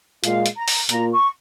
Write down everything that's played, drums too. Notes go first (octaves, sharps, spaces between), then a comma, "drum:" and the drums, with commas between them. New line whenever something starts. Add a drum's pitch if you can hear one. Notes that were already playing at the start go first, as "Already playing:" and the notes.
A#2 G#3 F4 F5, drum: hi-hat
drum: hi-hat
A#5
drum: open hi-hat
A#2 A#3 F4 A#5, drum: hi-hat
C#6